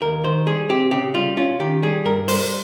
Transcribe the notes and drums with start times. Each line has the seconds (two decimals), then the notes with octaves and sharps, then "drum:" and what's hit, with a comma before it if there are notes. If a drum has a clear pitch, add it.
0.01 D#2 A#4
0.24 D#3 C5
0.46 G3 G#4
0.69 C4 G4
0.91 C#3 G4
1.14 G3 F4
1.37 C#4 F4
1.59 D#3 G4
1.83 G3 G#4
2.05 G2 A#4
2.28 G3 C5, drum: open hi-hat